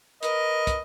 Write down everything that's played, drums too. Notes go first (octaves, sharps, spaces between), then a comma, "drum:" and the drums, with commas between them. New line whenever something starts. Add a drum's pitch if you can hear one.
A#4 B4 D#5, drum: hi-hat
drum: kick, hi-hat